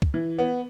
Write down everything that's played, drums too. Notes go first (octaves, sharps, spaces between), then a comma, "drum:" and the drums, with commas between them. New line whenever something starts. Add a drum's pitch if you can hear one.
drum: kick
E3
B3